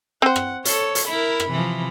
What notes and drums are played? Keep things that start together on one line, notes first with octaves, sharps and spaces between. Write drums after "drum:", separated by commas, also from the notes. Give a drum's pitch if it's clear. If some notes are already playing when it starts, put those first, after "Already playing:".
C4 C5 F#5
drum: rim click
A4 C#5, drum: hi-hat
drum: hi-hat
E4 A#4 B5
drum: rim click
C3 E3 F3